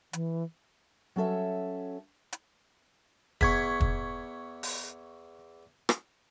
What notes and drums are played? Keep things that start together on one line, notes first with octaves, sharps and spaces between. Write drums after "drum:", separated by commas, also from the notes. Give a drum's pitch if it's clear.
E3, drum: hi-hat
F#3 C#4 A4 E5
drum: hi-hat
E2 C#6 G#6 B6, drum: kick
drum: kick
drum: open hi-hat
drum: rim click